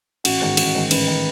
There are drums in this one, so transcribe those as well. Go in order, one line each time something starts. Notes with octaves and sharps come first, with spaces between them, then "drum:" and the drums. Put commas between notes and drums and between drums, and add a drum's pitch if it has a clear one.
A1 F#4, drum: cymbal
G#2 D#3
A1, drum: cymbal
G#2 D#3
A1 B4, drum: cymbal
D#3